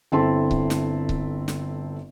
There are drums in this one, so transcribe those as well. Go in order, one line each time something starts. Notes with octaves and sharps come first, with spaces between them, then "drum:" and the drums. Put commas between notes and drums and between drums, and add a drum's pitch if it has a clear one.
G1 C4 E4 A4 A5 C6
drum: kick C#1
drum: snare
drum: kick C#1
drum: snare